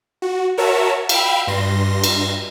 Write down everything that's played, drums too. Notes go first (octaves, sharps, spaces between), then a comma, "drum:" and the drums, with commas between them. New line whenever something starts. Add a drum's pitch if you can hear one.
F#4
F#4 A#4 C#5 E5 A5
F5 G5 B5 E6, drum: cymbal
G2 C6 A#6
drum: cymbal